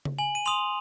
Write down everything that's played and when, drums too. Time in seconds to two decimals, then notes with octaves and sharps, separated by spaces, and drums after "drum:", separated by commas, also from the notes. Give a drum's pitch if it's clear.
0.05 drum: tom C#3
0.18 G#5 F#7
0.35 D#7
0.46 C6 D#6 F7